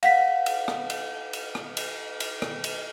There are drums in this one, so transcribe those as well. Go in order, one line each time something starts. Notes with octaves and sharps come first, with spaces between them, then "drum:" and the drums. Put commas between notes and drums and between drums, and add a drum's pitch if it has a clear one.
F5 F#5 B6, drum: cymbal
drum: cymbal
drum: rim click
drum: cymbal
drum: cymbal
drum: rim click
drum: cymbal
drum: cymbal
drum: rim click
drum: cymbal